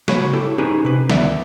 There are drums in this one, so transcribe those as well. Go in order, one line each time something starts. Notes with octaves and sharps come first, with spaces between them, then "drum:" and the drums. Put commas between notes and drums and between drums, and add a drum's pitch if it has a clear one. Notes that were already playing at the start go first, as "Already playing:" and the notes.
C#3 A#3 F#4 B4 C#5 B5, drum: snare
E4 G4 A4
C#4 D#4 G4 G#4 B4 C5
C3 B4
D2 D#3 B3 B4 D5 E5, drum: snare